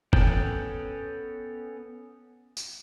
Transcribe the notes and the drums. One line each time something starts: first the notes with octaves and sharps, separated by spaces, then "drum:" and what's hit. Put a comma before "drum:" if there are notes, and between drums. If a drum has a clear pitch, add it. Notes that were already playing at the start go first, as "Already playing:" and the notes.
B3 C#4 A4 F#5 G5, drum: kick
drum: tambourine